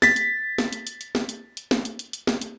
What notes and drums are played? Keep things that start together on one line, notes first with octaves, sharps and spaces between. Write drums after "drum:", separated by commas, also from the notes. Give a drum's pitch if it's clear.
A6 B6, drum: snare
drum: hi-hat
drum: snare
drum: hi-hat
drum: hi-hat
drum: hi-hat
drum: snare
drum: hi-hat
drum: hi-hat
drum: snare
drum: hi-hat
drum: hi-hat
drum: hi-hat
drum: snare
drum: hi-hat